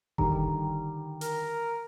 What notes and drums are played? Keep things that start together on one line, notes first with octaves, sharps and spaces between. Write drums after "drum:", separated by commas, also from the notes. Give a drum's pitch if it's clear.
D3 D#3 G3 A#5, drum: kick F#1
A#4, drum: hi-hat